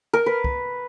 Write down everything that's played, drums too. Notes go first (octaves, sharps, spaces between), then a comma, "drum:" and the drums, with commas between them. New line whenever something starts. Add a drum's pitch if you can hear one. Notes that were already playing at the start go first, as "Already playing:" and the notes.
A#4
B4
drum: kick